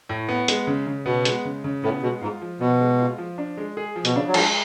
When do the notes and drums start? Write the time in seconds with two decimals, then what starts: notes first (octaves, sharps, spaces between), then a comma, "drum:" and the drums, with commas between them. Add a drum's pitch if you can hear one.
0.09 A2
0.29 B3
0.48 G#3, drum: hi-hat
0.67 C#3
0.87 C#3
1.06 B2 B3
1.25 G#3, drum: hi-hat
1.45 C#3
1.64 C#3
1.84 A2 B3
2.02 B2 G#3
2.21 G#2 F4
2.41 F3
2.60 B2 B3
2.80 G#3
2.99 F4
3.18 F3
3.38 D4
3.57 G#3
3.77 G#4
3.96 F3
4.05 B2, drum: hi-hat
4.15 C#3 D4
4.28 F#3
4.34 F3 G#3, drum: cymbal